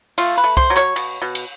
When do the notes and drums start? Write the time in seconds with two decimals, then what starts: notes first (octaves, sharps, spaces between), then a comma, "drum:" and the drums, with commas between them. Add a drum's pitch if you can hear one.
0.18 A3 F4, drum: cymbal
0.38 B4
0.44 A3
0.57 C5, drum: kick C2
0.70 F#3
0.76 C#5, drum: clap
0.96 B2, drum: cymbal
1.22 B2
1.35 drum: cymbal